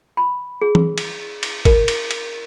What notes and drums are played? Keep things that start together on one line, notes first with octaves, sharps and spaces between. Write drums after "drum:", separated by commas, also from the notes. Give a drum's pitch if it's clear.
B5
G#4
drum: tom E3
drum: cymbal
drum: cymbal
A#4, drum: kick, cymbal
drum: cymbal
drum: cymbal